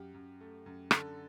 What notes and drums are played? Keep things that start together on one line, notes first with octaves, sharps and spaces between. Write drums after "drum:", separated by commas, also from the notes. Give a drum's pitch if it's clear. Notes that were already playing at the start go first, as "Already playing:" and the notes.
Already playing: F#2 G4
F#2
A3
F#2
D3 A4, drum: rim click